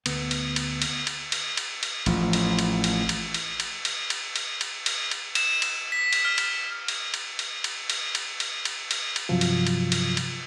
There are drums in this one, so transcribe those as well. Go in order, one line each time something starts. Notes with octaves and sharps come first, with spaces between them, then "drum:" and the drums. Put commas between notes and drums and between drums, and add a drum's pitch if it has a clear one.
D2 B3, drum: cymbal
drum: cymbal
drum: cymbal
drum: cymbal
drum: cymbal
drum: cymbal
drum: cymbal
drum: cymbal
A1 F3, drum: cymbal
drum: cymbal
drum: cymbal
drum: cymbal
drum: cymbal
drum: cymbal
drum: cymbal
drum: cymbal
drum: cymbal
drum: cymbal
drum: cymbal
drum: cymbal
drum: cymbal
E7, drum: cymbal
drum: cymbal
B6
drum: cymbal
F6
drum: cymbal
drum: cymbal
drum: cymbal
drum: cymbal
drum: cymbal
drum: cymbal
drum: cymbal
drum: cymbal
drum: cymbal
drum: cymbal
drum: cymbal
G2 C3 F3 F#3 F4
drum: cymbal
drum: cymbal
drum: cymbal
drum: cymbal